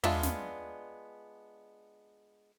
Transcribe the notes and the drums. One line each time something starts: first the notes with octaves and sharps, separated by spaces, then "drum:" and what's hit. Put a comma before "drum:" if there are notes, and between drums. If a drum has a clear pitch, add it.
G#3 B3 D4 F4 E5, drum: tom
drum: snare